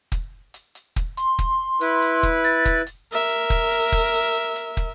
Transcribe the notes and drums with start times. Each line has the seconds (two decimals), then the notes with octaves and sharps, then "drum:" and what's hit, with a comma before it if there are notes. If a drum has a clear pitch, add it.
0.12 drum: kick, hi-hat
0.54 drum: hi-hat
0.75 drum: hi-hat
0.96 drum: kick, hi-hat
1.17 C6, drum: hi-hat
1.39 drum: kick, hi-hat
1.81 E4 B4, drum: hi-hat
2.02 drum: hi-hat
2.23 drum: kick, hi-hat
2.44 A6, drum: hi-hat
2.65 drum: kick, hi-hat
2.87 drum: hi-hat
3.12 A#4 E5
3.29 drum: hi-hat
3.50 drum: kick, hi-hat
3.71 drum: hi-hat
3.92 drum: kick, hi-hat
4.13 drum: hi-hat
4.35 drum: hi-hat
4.56 drum: hi-hat
4.77 drum: kick, hi-hat